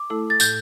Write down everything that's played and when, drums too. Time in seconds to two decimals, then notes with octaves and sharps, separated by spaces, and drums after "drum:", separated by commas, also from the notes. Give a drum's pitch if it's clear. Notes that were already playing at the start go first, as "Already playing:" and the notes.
Already playing: D6
0.10 A3 E4 A4
0.30 A6
0.40 A2 G6, drum: tambourine